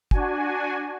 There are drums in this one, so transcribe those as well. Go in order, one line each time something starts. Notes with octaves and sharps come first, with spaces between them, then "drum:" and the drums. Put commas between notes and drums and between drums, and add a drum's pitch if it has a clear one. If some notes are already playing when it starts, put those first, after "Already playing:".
D4 F#4 G#5, drum: kick